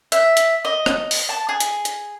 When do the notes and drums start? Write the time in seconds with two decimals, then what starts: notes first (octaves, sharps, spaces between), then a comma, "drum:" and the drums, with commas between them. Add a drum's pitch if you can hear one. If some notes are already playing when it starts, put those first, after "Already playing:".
0.12 E5, drum: hi-hat
0.37 drum: hi-hat
0.65 D#5
0.86 drum: rim click
1.11 drum: open hi-hat
1.29 A5
1.49 G#4
1.60 drum: hi-hat
1.85 drum: hi-hat